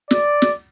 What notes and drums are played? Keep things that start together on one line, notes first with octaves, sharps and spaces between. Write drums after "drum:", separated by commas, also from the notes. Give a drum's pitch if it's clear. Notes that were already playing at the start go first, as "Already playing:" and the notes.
D5, drum: snare
drum: snare